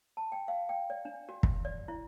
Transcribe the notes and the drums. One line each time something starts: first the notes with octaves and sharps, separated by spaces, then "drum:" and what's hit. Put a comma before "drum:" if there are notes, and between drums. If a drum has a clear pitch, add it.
A5
G5
F5
G5
D5
D4
F#4
drum: kick
D5
E4